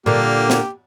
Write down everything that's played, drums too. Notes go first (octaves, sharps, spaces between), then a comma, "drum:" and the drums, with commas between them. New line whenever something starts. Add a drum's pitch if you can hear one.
A#2 D3 A#3 G4
drum: snare